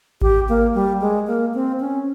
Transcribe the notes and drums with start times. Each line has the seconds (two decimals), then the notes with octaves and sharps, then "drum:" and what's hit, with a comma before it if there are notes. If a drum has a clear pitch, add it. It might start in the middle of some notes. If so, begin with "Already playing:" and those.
0.22 G4, drum: kick G#1
0.49 A#3
0.75 G3
1.01 G#3
1.27 A#3
1.54 C4
1.80 C#4